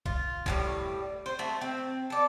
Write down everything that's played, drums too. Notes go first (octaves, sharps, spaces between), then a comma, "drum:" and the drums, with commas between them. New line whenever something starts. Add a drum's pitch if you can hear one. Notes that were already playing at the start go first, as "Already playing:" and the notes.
F4, drum: kick
A2 F#3 G3, drum: kick
C5
A3 F#4
C4
A4 D5